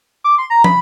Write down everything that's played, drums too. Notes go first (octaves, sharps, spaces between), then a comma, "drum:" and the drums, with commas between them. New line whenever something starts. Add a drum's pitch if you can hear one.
D6
C6
A#5
B5, drum: tom